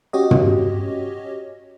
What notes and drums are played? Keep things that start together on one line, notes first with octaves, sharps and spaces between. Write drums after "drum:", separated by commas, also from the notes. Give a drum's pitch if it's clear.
C#4 F#4 G4 C#5 D#5
drum: tom